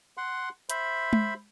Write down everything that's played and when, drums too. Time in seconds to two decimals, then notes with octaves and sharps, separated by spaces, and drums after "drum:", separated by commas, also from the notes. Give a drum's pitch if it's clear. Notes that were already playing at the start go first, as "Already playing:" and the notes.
0.17 F#5 C6
0.70 C5 E5 B5, drum: hi-hat
1.13 drum: tom G#3